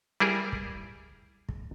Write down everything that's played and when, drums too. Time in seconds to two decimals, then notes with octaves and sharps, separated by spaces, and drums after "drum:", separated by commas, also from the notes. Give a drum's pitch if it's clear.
0.20 G3 E4 G#4 A#4
0.52 drum: kick
1.49 drum: kick